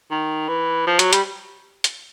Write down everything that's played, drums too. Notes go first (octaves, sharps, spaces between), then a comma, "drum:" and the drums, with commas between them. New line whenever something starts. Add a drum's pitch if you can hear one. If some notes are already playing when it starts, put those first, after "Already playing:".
D#3
E3
F3
F#3, drum: hi-hat
G3, drum: hi-hat
drum: hi-hat